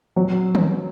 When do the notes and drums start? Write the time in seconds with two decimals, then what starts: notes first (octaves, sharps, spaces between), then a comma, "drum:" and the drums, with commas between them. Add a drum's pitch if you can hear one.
0.16 F#3
0.55 drum: tom D#3